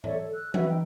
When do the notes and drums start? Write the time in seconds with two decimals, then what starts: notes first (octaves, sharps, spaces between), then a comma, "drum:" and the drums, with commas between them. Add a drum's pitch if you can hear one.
0.04 A4 C#5 D5 E5, drum: tom
0.18 A4
0.34 E6 F#6
0.54 F#4 B4 E5 E6, drum: tom E3
0.69 D#4 G5